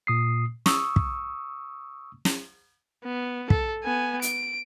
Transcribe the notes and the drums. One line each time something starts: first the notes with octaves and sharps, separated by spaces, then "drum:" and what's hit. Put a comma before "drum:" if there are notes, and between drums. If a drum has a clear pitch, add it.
A#2 D#6 C7
C#6 D#6 E6, drum: snare
drum: kick
drum: snare
B3
A4, drum: kick
B3 G#5
D7, drum: hi-hat